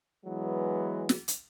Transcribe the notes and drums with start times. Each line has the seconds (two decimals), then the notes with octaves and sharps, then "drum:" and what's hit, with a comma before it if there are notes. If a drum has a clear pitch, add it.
0.24 E3 F#3 G#3 B3
1.09 drum: snare
1.28 drum: hi-hat